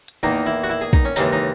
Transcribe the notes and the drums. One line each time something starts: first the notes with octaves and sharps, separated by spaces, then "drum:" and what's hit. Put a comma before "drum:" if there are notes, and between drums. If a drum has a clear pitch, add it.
drum: hi-hat
E2 D#3 A#3 D#4
E4
F#4
E4
G#4
D#4, drum: kick
C#4
D#2 C#3 E3 G#3 D#4, drum: tambourine
D#4